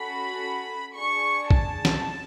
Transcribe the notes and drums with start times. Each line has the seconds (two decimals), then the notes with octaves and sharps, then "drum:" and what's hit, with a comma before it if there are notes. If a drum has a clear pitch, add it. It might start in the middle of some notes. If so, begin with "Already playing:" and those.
Already playing: C#4 F#4 A4 B5
0.95 D4 G#4 C#6
1.51 A5, drum: kick A#1
1.85 drum: snare